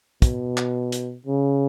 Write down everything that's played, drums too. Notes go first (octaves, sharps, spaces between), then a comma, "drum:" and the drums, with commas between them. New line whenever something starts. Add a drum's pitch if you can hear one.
B2, drum: kick, hi-hat
drum: clap
drum: hi-hat
C#3